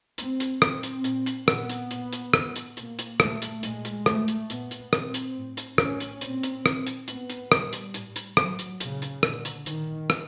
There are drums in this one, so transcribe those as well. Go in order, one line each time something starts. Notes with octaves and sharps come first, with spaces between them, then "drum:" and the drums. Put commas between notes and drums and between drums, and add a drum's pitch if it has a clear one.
A2 C4, drum: hi-hat
drum: hi-hat
A#2 C4, drum: rim click
drum: hi-hat
A#2, drum: hi-hat
drum: hi-hat
A#2 B3, drum: rim click
drum: hi-hat
A#2, drum: hi-hat
drum: hi-hat
A2, drum: rim click
drum: hi-hat
A#2 A#3, drum: hi-hat
drum: hi-hat
A#2 A3, drum: rim click
drum: hi-hat
A#2 G#3, drum: hi-hat
drum: hi-hat
A2 A3, drum: rim click
drum: hi-hat
A#2 B3, drum: hi-hat
drum: hi-hat
A#2 C4, drum: rim click
drum: hi-hat
A2
drum: hi-hat
A2 C#4, drum: rim click
drum: hi-hat
A#2 C4, drum: hi-hat
drum: hi-hat
A#2, drum: rim click
drum: hi-hat
A2 B3, drum: hi-hat
drum: hi-hat
A#2 G3, drum: rim click
drum: hi-hat
A2, drum: hi-hat
drum: hi-hat
A2 F#3, drum: rim click
drum: hi-hat
A#2 C#3, drum: hi-hat
drum: hi-hat
A#2 D3, drum: rim click
drum: hi-hat
A#2 D#3, drum: hi-hat
drum: rim click